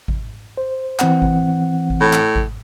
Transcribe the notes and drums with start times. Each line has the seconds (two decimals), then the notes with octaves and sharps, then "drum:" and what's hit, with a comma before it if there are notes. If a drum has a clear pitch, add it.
0.08 drum: kick G#1
0.57 C5
0.99 E3 C4 F#5, drum: clap
1.22 drum: kick G#1
1.90 drum: kick G#1
2.01 A2
2.13 drum: clap
2.36 drum: kick G#1